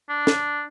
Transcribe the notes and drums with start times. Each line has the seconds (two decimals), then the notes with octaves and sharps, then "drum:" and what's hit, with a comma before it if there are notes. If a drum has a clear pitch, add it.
0.09 D4
0.27 drum: snare